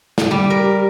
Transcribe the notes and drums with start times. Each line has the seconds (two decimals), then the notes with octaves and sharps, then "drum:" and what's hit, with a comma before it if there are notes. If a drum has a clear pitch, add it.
0.18 drum: snare
0.31 G3
0.50 G4 A#4